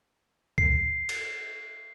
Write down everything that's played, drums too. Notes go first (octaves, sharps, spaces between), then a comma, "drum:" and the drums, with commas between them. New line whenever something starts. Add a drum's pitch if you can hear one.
C7, drum: kick C#2
drum: cymbal